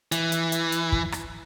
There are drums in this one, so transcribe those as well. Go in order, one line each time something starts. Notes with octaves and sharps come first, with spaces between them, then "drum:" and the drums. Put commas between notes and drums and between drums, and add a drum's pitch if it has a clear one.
E3, drum: hi-hat
drum: hi-hat
drum: hi-hat
drum: hi-hat
drum: kick
drum: rim click